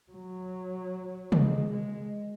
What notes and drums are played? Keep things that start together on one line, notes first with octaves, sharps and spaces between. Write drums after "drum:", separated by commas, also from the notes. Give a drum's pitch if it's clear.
F#3
G#3, drum: tom
G#3